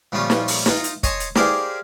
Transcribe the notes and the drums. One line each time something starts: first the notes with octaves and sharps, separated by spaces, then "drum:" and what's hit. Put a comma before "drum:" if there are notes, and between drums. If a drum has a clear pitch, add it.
A#2 F3 G3 A3 C#4 F4
drum: snare
drum: open hi-hat
D#4 F4 A#5, drum: snare
drum: hi-hat
C#5 D#5 G#5 A5 C6, drum: kick, hi-hat
drum: hi-hat
G4 G#4 A#4 C5 D5 F5, drum: snare